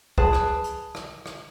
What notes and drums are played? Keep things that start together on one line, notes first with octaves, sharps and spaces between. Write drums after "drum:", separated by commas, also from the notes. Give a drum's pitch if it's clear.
G#4 B4 A5, drum: kick
drum: rim click
drum: hi-hat
drum: rim click
drum: rim click